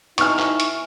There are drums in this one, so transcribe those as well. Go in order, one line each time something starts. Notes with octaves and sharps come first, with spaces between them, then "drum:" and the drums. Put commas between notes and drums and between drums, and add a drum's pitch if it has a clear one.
B2 E3 D#4 C#6 F6, drum: hi-hat
drum: clap
drum: hi-hat